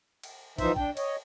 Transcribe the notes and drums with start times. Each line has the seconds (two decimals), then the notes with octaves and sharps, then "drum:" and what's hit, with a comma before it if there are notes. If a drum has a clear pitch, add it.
0.23 drum: cymbal
0.58 E3 F3 D#4 C5 E5, drum: kick, cymbal
0.76 D4 G5, drum: kick
0.97 C#5 D#5, drum: cymbal